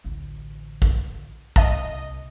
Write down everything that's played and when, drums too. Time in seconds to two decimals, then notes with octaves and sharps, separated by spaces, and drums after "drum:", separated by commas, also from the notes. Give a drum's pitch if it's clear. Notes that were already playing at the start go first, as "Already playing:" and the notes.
0.04 A1 D2
0.82 drum: kick
1.56 C2 A#2 D#5 E5 A5, drum: kick